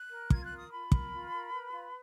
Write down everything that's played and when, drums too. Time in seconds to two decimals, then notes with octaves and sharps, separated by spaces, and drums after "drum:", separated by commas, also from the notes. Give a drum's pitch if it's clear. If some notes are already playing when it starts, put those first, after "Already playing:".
Already playing: F#6
0.10 A#4
0.30 F4 G#6, drum: kick
0.44 F#6
0.51 A#4
0.57 D#6
0.71 F4 B5
0.92 A#4, drum: kick
1.11 F4
1.32 A#4
1.52 B4
1.72 F4